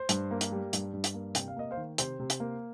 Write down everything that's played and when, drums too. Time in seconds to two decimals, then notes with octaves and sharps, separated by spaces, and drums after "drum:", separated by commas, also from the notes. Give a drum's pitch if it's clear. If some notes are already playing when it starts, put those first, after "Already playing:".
Already playing: C5
0.09 G2, drum: hi-hat
0.31 A#3
0.41 drum: hi-hat
0.52 G3
0.73 G2, drum: hi-hat
0.93 G2
1.04 drum: hi-hat
1.14 A#3
1.35 C3 G5, drum: hi-hat
1.48 F5
1.57 A#3 D#5
1.71 C5 F5
1.77 D#3
1.98 C3 C5, drum: hi-hat
2.19 C3
2.30 drum: hi-hat
2.40 A#3